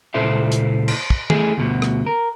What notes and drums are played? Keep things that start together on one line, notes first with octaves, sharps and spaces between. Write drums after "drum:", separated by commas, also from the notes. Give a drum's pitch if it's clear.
C#2 A#2 E4 A4 C5 E5
drum: hi-hat
drum: cymbal
drum: kick
E3 A3 G#4, drum: tom
D2 B2
drum: rim click
A#4